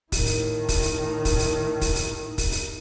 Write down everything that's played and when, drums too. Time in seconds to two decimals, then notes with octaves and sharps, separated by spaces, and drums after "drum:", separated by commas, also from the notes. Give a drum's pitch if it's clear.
0.12 A2 D#3, drum: kick, open hi-hat
0.26 drum: open hi-hat
0.69 drum: kick, open hi-hat
0.83 drum: open hi-hat
1.25 drum: kick, open hi-hat
1.39 drum: open hi-hat
1.81 drum: kick, open hi-hat
1.96 drum: open hi-hat
2.38 drum: kick, open hi-hat
2.52 drum: open hi-hat